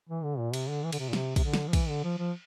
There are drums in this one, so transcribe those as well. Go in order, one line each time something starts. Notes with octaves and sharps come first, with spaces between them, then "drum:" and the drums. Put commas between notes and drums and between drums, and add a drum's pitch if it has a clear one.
E3
D3
A#2
C3, drum: cymbal
D3
E3
D3, drum: cymbal
C3
A#2
C3, drum: snare
C3, drum: kick, cymbal
D3
drum: snare
F3
E3, drum: kick, cymbal
D3
F3
F3